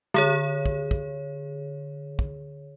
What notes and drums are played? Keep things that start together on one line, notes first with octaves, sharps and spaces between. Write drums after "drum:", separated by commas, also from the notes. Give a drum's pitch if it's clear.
D3 G#4 C#5, drum: snare
drum: kick
drum: kick
drum: kick